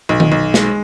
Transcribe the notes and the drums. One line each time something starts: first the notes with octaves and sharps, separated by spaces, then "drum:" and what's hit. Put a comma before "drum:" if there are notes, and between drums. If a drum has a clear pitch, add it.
B1
drum: tom D#3
B1
G#3, drum: snare